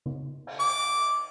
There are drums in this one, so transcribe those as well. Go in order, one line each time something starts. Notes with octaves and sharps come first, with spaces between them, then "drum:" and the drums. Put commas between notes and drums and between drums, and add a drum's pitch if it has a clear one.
drum: tom C#3
drum: cymbal
D6